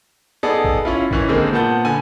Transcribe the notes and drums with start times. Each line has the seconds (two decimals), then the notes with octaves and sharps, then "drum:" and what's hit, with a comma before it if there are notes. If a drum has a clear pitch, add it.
0.43 B3 D#4 G#4 A4 D5
0.64 drum: kick A1
0.85 C#4 E4 F4
1.11 D#3 E3 C#4, drum: kick A1
1.29 D3 D#3 G#3 A#3 C4
1.53 A#2 B3 F#5 A5 G6
1.85 D3 G#5